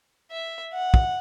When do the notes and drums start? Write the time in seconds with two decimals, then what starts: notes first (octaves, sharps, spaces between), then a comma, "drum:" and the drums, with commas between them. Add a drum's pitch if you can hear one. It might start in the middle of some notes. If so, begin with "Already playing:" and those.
0.31 E5
0.73 F#5
0.94 drum: kick